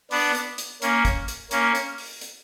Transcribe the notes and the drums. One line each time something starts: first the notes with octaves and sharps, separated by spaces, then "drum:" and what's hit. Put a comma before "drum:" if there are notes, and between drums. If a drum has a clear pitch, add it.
B3 D4, drum: open hi-hat
drum: hi-hat
drum: hi-hat
A#3 C#4, drum: hi-hat
drum: kick, hi-hat
drum: hi-hat
A#3 C#4, drum: hi-hat
drum: hi-hat
drum: open hi-hat
drum: hi-hat